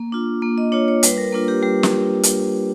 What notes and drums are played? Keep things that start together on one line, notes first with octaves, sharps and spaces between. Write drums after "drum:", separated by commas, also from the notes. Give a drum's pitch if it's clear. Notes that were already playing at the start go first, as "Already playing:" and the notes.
Already playing: A#3
D4 F4
A#3
D#5
D4 F4 C#5
C#5
G3 B4, drum: hi-hat
A#4
A#3 D4 F4
G4
G3 G4
drum: snare
drum: hi-hat